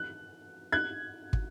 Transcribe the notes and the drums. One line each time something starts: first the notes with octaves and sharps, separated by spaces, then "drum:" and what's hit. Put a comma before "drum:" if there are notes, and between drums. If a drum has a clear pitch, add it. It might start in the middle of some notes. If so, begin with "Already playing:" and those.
Already playing: F#6
F#6 G#6
drum: kick